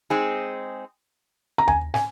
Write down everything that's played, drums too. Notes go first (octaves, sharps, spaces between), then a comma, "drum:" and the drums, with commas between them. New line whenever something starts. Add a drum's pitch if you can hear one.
G#3 C4 D#4 G#4
A#5
G#5, drum: tom D#2
G#5, drum: snare